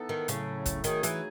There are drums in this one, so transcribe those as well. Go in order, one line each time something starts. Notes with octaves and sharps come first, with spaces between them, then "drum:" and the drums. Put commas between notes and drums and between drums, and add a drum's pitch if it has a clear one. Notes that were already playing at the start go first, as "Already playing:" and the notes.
Already playing: E3 B3 D#4 A4
D#3
A2 C#3 F#3 A3, drum: hi-hat
drum: kick, hi-hat
D#3 F#3 A3 D#4 G#4, drum: hi-hat
E3, drum: hi-hat